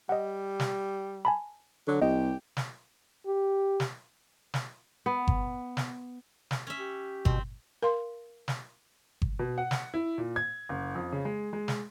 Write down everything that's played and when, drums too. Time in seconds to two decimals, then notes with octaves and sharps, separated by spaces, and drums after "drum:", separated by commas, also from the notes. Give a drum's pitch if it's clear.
0.09 G3 D#5 F#5
0.60 drum: snare
1.25 G#5 A5 B5
1.88 D3 F#3
2.02 C2 G4 D#5
2.57 drum: snare
3.27 G4
3.80 drum: snare
4.54 drum: snare
5.06 B3
5.28 drum: kick G1
5.77 drum: snare
6.51 drum: snare
6.67 C#4 E5
6.78 G4
7.25 B2 C4, drum: kick G1
7.83 A#4 F5 C6
8.48 drum: snare
9.22 drum: kick G1
9.39 B2
9.58 F#5
9.71 drum: snare
9.94 E4
10.18 A#2
10.36 G#6
10.69 F#1
10.95 F2
11.12 C#3
11.25 G#3
11.53 G#3
11.68 drum: snare